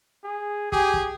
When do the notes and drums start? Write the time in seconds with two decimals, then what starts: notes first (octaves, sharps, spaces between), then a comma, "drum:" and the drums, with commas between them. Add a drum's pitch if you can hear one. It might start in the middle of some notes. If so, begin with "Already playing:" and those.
0.24 G#4
0.72 G4 G#4 G#5, drum: kick
0.94 drum: kick